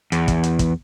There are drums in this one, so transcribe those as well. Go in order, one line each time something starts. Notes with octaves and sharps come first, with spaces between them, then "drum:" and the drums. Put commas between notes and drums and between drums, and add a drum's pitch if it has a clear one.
E2, drum: hi-hat
drum: kick, hi-hat
drum: hi-hat
drum: kick, hi-hat